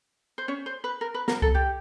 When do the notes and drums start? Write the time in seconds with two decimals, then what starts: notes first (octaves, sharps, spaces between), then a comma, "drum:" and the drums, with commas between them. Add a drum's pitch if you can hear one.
0.38 C5
0.48 C#4 C#5
0.66 C5
0.84 B4
1.01 A#4
1.14 B4
1.28 A#4, drum: snare
1.42 A4, drum: kick C2
1.55 G4